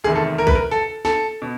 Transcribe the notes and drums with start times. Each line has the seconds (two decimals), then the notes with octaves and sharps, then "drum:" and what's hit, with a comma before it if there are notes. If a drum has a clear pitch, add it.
0.04 F1 E2 C3 D#3 G#4
0.16 A4
0.38 A#4
0.47 B4, drum: kick A#1
0.55 A#4
0.71 A4
1.05 A4, drum: snare
1.42 B2